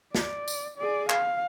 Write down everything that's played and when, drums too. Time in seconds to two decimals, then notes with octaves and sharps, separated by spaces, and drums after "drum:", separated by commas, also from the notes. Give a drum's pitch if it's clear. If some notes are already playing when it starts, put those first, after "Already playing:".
0.15 D5, drum: snare
0.48 drum: tambourine
0.77 G#4 D5
1.09 F5, drum: clap